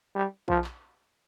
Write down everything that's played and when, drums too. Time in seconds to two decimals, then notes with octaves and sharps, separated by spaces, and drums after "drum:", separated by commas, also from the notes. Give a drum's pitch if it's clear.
0.15 G3
0.48 F3, drum: kick
0.64 drum: clap